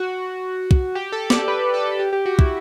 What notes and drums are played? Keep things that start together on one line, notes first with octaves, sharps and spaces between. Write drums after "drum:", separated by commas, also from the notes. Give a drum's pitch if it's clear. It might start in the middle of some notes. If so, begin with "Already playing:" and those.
Already playing: F#4
drum: kick
G4
A4
D5, drum: snare
B4
A4
G4
G4
F#4
E4, drum: kick